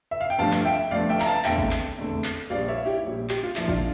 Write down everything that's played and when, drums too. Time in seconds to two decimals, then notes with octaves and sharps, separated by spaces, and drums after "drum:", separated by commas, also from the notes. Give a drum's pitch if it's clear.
0.11 E5
0.21 F5
0.30 G5
0.39 G1 G2 F3 A3 F5 A5
0.52 drum: clap
0.65 E5 G5
0.91 G1 G2 F3 A3 D5 F5
1.09 E5 G5
1.20 A#5, drum: clap
1.26 F5 A5
1.44 F1 E2 D3 A3 E5 G5, drum: clap
1.58 drum: kick G#1
1.71 drum: clap
1.98 F1 E2 D3 A3
2.24 drum: clap
2.50 A#1 A#2 G3 D5 F5
2.68 C#5 E5
2.86 E4 G4
3.03 A#1 A#2 G3
3.29 G4, drum: clap
3.43 F4
3.56 A#1 A#2 F3 A#3 E4, drum: clap
3.68 D4 F4, drum: kick G#1